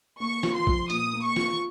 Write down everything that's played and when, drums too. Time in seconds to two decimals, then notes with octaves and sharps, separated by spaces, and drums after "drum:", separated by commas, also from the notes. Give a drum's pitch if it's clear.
0.20 A#3 C#6
0.43 F4, drum: snare
0.55 C6
0.67 F3, drum: kick
0.90 A#2 D#6, drum: hi-hat
1.13 A#3
1.25 C#6
1.36 F4, drum: snare